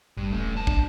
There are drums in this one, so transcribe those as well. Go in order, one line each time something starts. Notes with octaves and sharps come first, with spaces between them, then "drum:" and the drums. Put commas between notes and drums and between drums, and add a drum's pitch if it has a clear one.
A1 G2
D#1 A3 C#4
F#2 A5
D4, drum: kick